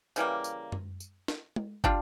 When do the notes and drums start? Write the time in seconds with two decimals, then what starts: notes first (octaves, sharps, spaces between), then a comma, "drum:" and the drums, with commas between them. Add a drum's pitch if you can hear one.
0.16 C#3 E3 G3 A#3, drum: tambourine
0.44 drum: tambourine
0.72 drum: tom F#2
1.00 drum: tambourine
1.28 drum: snare
1.56 drum: tom
1.84 G3 D4 F4, drum: kick